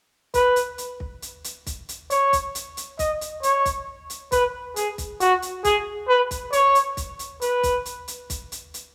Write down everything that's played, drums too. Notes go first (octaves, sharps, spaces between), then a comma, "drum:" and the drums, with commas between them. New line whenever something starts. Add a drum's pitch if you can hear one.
B4, drum: kick, hi-hat
drum: hi-hat
drum: hi-hat
drum: kick
drum: hi-hat
drum: hi-hat
drum: kick, hi-hat
drum: hi-hat
C#5, drum: hi-hat
drum: kick, hi-hat
drum: hi-hat
drum: hi-hat
D#5, drum: kick, hi-hat
drum: hi-hat
C#5, drum: hi-hat
drum: kick, hi-hat
drum: hi-hat
B4, drum: kick, hi-hat
G#4, drum: hi-hat
drum: kick, hi-hat
F#4, drum: hi-hat
drum: hi-hat
G#4, drum: kick, hi-hat
B4
drum: kick, hi-hat
C#5, drum: hi-hat
drum: hi-hat
drum: kick, hi-hat
drum: hi-hat
B4, drum: hi-hat
drum: kick, hi-hat
drum: hi-hat
drum: hi-hat
drum: kick, hi-hat
drum: hi-hat
drum: hi-hat